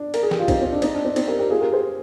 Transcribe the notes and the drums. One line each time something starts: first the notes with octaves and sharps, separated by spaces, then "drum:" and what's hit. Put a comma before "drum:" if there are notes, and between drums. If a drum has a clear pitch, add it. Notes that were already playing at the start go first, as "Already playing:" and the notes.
Already playing: D4
A#4, drum: cymbal
G#4
G4, drum: snare
F4
C4 D#4, drum: kick, cymbal
C4
D4
C4 D#4, drum: cymbal
D4
C4
C4 D#4, drum: cymbal
G4 A#4
G4 A#4
F4 G#4
G4 A#4
G#4 C5